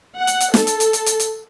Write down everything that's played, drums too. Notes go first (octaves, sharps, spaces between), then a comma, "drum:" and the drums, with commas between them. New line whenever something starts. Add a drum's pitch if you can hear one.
F#5
drum: hi-hat
drum: hi-hat
A4, drum: snare
drum: hi-hat
drum: hi-hat
drum: hi-hat
drum: hi-hat
drum: hi-hat